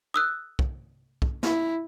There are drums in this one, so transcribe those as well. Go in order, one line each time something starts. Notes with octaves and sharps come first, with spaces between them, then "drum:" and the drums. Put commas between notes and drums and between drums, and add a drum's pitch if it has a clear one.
D#6 E6 F#6
drum: kick
drum: kick
E4, drum: snare